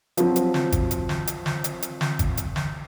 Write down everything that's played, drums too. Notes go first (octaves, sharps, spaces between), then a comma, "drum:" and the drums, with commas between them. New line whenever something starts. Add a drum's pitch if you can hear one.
F3 F#3 C4, drum: hi-hat
drum: hi-hat
drum: snare
drum: kick, hi-hat
drum: hi-hat
drum: snare
drum: hi-hat
drum: snare
drum: hi-hat
drum: hi-hat
drum: snare
drum: kick, hi-hat
drum: hi-hat
drum: snare